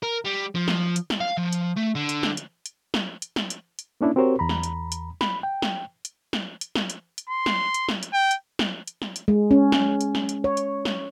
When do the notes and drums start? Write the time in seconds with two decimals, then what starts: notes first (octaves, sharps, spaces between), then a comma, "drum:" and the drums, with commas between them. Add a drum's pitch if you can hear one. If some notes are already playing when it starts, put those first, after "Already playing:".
0.03 A#4
0.25 G3
0.55 F3
0.68 drum: snare
0.96 drum: hi-hat
1.10 drum: snare
1.21 F5
1.38 F3
1.53 drum: hi-hat
1.76 A3
1.95 D3
2.09 drum: hi-hat
2.23 drum: snare
2.37 drum: hi-hat
2.66 drum: hi-hat
2.94 drum: snare
3.22 drum: hi-hat
3.36 drum: snare
3.50 drum: hi-hat
3.79 drum: hi-hat
4.01 A#3 C#4 D4 E4
4.16 C4 F#4 G4 A#4 C5 C#5
4.39 E2 A#5 B5
4.49 drum: snare
4.63 drum: hi-hat
4.92 drum: hi-hat
5.21 B5, drum: snare
5.43 G5
5.62 drum: snare
6.05 drum: hi-hat
6.33 drum: snare
6.61 drum: hi-hat
6.75 drum: snare
6.90 drum: hi-hat
7.18 drum: hi-hat
7.29 C6
7.46 drum: snare
7.74 drum: hi-hat
7.89 drum: snare
8.03 drum: hi-hat
8.13 G5
8.31 drum: hi-hat
8.59 drum: snare
8.88 drum: hi-hat
9.02 drum: snare
9.16 drum: hi-hat
9.28 G#3
9.51 C#4
9.72 drum: snare
10.01 drum: hi-hat
10.15 drum: snare
10.29 drum: hi-hat
10.44 C#5
10.57 drum: hi-hat
10.85 drum: snare